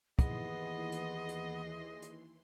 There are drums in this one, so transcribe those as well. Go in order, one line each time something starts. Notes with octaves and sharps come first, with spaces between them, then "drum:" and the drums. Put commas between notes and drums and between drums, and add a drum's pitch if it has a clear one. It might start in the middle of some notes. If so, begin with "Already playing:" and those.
D#2 E3 B3 G#4 D#5 C6, drum: kick, hi-hat
drum: hi-hat
drum: hi-hat
drum: hi-hat